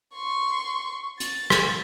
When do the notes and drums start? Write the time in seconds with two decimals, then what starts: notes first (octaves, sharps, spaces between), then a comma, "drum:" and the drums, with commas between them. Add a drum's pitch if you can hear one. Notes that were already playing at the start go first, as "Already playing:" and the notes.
0.15 C6 C#6
1.20 A6, drum: hi-hat
1.50 drum: rim click